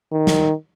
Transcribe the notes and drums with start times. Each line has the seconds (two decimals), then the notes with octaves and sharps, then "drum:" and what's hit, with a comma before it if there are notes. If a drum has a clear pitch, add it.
0.12 D#3
0.27 drum: snare